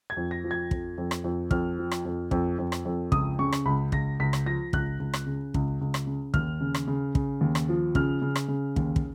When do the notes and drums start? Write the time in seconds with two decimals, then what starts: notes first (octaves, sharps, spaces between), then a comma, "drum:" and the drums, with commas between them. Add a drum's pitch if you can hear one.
0.10 G#6
0.17 F2
0.31 A#6
0.44 F3
0.51 G#6
0.71 F2, drum: kick
0.98 F2
1.11 drum: rim click
1.24 F2
1.51 F2 F6, drum: kick
1.79 F3
1.91 drum: rim click
2.05 F2
2.31 F2, drum: kick
2.59 F2
2.72 drum: rim click
2.85 F2
3.12 C#2 D#6, drum: kick
3.39 C#3 C#6
3.52 drum: rim click
3.65 C#2 B5
3.92 C#2 A#6, drum: kick
4.20 C#2 B6
4.33 drum: rim click
4.46 F3 A#6
4.73 C#2 F#6, drum: kick
4.99 C#2
5.13 drum: rim click
5.26 C#3
5.54 C#2, drum: kick
5.81 C#2
5.94 drum: rim click
6.07 C#3
6.34 D#2 F6, drum: kick
6.61 C#3
6.74 drum: rim click
6.88 C#3
7.15 C#3, drum: kick
7.41 D#2
7.55 drum: rim click
7.69 F3
7.95 C#3 F6, drum: kick
8.22 C#3
8.36 drum: rim click
8.48 C#3
8.76 D#2, drum: kick
8.96 drum: kick